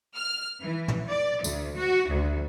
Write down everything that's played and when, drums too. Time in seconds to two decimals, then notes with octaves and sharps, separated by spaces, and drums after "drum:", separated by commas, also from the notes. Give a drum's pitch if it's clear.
0.15 F6
0.62 E3
0.88 drum: tom
1.09 D5
1.44 D2, drum: tambourine
1.76 F#4
2.10 D2